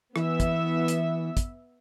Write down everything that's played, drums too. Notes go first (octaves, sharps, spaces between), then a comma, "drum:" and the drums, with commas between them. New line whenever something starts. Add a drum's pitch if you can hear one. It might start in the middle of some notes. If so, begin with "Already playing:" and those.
E3 B3 E5, drum: rim click
drum: kick, hi-hat
drum: hi-hat
drum: kick, hi-hat